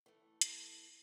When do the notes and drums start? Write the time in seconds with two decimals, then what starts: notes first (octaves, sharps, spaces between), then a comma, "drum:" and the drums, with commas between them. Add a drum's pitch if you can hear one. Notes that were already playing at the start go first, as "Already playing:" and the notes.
0.06 E3 A3
0.41 drum: hi-hat